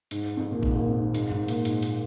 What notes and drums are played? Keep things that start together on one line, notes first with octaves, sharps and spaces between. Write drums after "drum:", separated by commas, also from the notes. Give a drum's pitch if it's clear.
G#2, drum: hi-hat
F2
A#2
G#2, drum: kick A1
A#2
C3
D#3
G#2, drum: hi-hat
G#2, drum: tom G2
A#2, drum: hi-hat
G#2, drum: hi-hat
drum: hi-hat